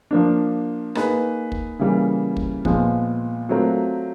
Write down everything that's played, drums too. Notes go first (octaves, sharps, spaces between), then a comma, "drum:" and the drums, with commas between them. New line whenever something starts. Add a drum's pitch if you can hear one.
F3 A#3 D4
A#3 D#4 G#4 B4, drum: rim click
drum: kick
C#3 E3 G3 A#3
drum: kick
A#2 F3 G#3 B3, drum: kick
F#3 A3 C4 F4 A#4